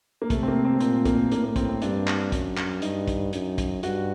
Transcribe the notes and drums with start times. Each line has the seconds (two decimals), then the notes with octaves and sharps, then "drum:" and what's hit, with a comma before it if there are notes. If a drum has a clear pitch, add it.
0.22 A#3
0.30 C3 A3, drum: kick, hi-hat
0.43 C4
0.48 A#3
0.65 C4
0.80 A#2 C4, drum: hi-hat
1.05 A#3, drum: kick, hi-hat
1.31 A2 A#3, drum: hi-hat
1.44 A#3
1.56 C4, drum: kick, hi-hat
1.69 C4
1.82 G2 D4, drum: hi-hat
2.07 D4, drum: clap
2.32 F#2, drum: kick, hi-hat
2.57 drum: clap
2.82 G2 D#4, drum: hi-hat
3.08 drum: kick, hi-hat
3.33 F#2, drum: hi-hat
3.58 drum: kick, hi-hat
3.83 G2 F#4, drum: hi-hat